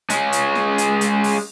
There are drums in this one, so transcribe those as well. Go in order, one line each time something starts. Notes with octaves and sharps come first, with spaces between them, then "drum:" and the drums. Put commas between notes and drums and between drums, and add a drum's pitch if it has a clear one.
G#3 C#4, drum: hi-hat
drum: hi-hat
drum: snare
drum: hi-hat
drum: hi-hat
drum: open hi-hat